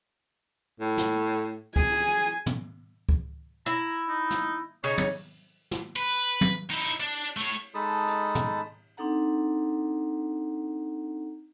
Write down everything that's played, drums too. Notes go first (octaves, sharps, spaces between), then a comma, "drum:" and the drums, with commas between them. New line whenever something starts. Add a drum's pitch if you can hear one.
A2
drum: snare
G#4 G#5, drum: kick C#2
drum: tom
drum: kick C#2
E4 A#5
D#4
drum: snare
C#3 D#4 C#5, drum: open hi-hat
drum: tom
drum: snare
B4
drum: tom
D#4 E4, drum: cymbal
D4
A3 C#5
G#3 D#4 A4 A5 B5 D#6
drum: hi-hat
drum: tom
C4 D4 D#4 A4 F#5 A#5